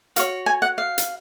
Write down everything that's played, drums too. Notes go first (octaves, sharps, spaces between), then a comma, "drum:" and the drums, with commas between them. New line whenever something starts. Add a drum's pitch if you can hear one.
F#4 C#5 F5, drum: hi-hat
G#5
F#5
F5
drum: hi-hat